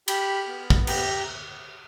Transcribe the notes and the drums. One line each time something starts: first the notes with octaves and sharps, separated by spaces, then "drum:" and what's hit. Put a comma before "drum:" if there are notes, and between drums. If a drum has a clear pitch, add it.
G4 B5, drum: cymbal
B3
drum: kick
G4 A#5, drum: cymbal